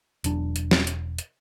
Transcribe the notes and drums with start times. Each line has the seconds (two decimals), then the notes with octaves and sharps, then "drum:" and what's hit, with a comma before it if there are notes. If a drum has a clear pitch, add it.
0.24 E1 F#3 D4, drum: hi-hat
0.56 drum: hi-hat
0.71 drum: snare
0.87 drum: hi-hat
1.18 drum: hi-hat